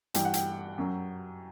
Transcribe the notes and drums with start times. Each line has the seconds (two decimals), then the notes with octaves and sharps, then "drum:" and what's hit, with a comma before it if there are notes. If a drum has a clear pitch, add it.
0.14 G2 E3 G5, drum: hi-hat
0.25 F#5
0.34 G5, drum: hi-hat
0.78 F#2 F#3